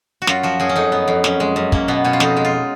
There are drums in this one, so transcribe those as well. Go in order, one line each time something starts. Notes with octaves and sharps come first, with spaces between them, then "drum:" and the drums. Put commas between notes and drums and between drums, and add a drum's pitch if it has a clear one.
F#4
F#2 F4, drum: snare
F3 F#4
F#2 G#4
C#4
F2 D#4
B3
F2
F#2 C#4, drum: snare
G#3
F#2
A#3 C#4, drum: kick
B2 B3
B2 C#4
F4
F2 D#4, drum: snare
G#3
F4